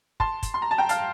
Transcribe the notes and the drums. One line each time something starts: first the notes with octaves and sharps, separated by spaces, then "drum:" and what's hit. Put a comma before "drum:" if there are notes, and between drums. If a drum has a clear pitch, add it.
A5 C6, drum: kick
drum: kick, hi-hat
C6
A#5
A5
G5 A#5
F5 A5, drum: hi-hat